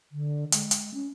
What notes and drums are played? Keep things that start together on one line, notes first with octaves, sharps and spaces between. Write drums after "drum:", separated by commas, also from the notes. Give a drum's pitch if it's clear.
D3
G#3, drum: hi-hat
drum: hi-hat
C#4